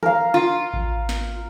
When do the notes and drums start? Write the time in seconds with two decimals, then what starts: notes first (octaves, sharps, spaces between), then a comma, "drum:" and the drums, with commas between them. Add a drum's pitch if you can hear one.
0.03 A#4 F5, drum: tom D#3
0.34 F4
0.74 drum: kick A1
1.09 drum: snare